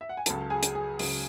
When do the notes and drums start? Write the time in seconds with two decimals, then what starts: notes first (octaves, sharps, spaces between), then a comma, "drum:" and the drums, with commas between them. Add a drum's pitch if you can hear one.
0.01 E5
0.09 F#5
0.17 G#5
0.26 C#2 C#3 F#3 A4 A5, drum: hi-hat
0.50 G#4 G#5
0.63 drum: hi-hat
0.75 G#4 G#5
0.99 C#2 C#3 F#3, drum: open hi-hat